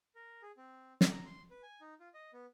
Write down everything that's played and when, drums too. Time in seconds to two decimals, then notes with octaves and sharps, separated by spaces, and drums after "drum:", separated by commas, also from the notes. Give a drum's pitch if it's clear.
0.15 A#4
0.42 G#4
0.57 C4
1.01 drum: snare
1.10 A#5
1.26 C6
1.50 B4
1.63 G#5
1.81 D#4
2.00 F4
2.14 D#5
2.33 B3